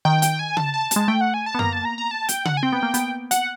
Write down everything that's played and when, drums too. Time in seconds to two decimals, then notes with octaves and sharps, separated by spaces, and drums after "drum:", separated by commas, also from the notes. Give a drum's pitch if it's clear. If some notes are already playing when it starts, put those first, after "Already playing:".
0.05 D#3 G5
0.22 G5, drum: hi-hat
0.39 G#5
0.57 A5, drum: tom C#3
0.74 A5
0.91 A5, drum: hi-hat
0.96 G#3
1.08 A3 G5
1.21 F#5
1.34 G#5
1.46 A5
1.55 B3
1.59 A#3 A#5, drum: tom F#2
1.73 A5
1.85 A#5
1.98 A#5
2.11 A5
2.29 G5, drum: hi-hat
2.45 F#5, drum: tom C#3
2.57 G#5
2.63 C4 G5
2.72 B3
2.83 A#3
2.94 B3, drum: hi-hat
3.31 F#5, drum: hi-hat